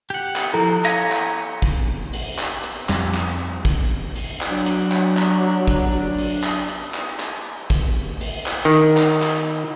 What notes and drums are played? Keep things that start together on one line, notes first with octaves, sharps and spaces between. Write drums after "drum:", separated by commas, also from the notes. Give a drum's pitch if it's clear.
G4 F#5
drum: clap
F3 E4 F#4 A4 A#5
C#5 F5 G#5 A#5, drum: clap
drum: clap
drum: kick, hi-hat
drum: open hi-hat
drum: clap
drum: hi-hat
F2 G3, drum: clap
drum: clap
drum: kick, hi-hat
drum: open hi-hat
drum: clap
F#3 D4
drum: hi-hat
drum: clap
drum: clap
drum: kick, hi-hat
drum: open hi-hat
drum: clap
drum: hi-hat
drum: clap
drum: clap
drum: kick, hi-hat
drum: open hi-hat
drum: clap
D#3
drum: clap
drum: clap